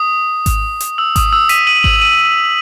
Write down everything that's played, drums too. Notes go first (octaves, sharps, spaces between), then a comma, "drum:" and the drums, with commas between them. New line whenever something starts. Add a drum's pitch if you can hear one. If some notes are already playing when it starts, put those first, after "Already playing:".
Already playing: D#6
drum: kick G#1, hi-hat
drum: hi-hat
E6
D#6, drum: kick G#1, hi-hat
D#6
E6
B6 D#7, drum: hi-hat
D#7 F#7
D#7 F#7, drum: kick G#1
D#7 F#7